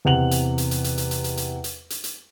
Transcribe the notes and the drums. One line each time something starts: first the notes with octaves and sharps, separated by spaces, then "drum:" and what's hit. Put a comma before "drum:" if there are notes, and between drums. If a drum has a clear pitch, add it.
E2 C3 F#5 F7 F#7
drum: hi-hat
drum: hi-hat
drum: hi-hat
drum: hi-hat
drum: hi-hat
drum: hi-hat
drum: hi-hat
drum: hi-hat
drum: hi-hat
drum: hi-hat
drum: hi-hat